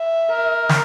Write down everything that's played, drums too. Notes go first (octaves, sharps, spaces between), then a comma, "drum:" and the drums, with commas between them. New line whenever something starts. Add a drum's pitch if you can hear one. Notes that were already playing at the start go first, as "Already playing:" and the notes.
Already playing: E5
A#4
drum: snare